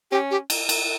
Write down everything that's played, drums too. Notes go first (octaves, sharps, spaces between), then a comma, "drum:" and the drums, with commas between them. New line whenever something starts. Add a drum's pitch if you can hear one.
C#4 G4
G4
drum: cymbal
drum: cymbal